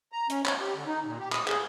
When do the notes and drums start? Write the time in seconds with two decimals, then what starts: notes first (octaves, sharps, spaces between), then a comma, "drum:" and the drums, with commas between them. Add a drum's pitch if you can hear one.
0.12 A#5
0.30 C#4, drum: hi-hat
0.45 C#5, drum: clap
0.60 G4
0.75 D3
0.87 D#4
1.05 A#2
1.20 G4
1.32 D#6, drum: clap
1.48 G#4, drum: clap